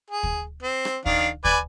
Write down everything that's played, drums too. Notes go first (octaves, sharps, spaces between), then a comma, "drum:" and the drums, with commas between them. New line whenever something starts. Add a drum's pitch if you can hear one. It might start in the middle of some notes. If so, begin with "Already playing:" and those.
G#4
drum: kick
C4
drum: rim click
D#3 D4 F5, drum: kick
B4 D5 G#5, drum: kick